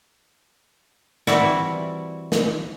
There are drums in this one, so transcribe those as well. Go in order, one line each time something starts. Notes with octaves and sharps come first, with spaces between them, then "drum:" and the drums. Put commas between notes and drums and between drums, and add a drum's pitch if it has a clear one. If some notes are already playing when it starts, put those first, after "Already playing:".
E3 G3 C4 E4 F#4, drum: snare
drum: snare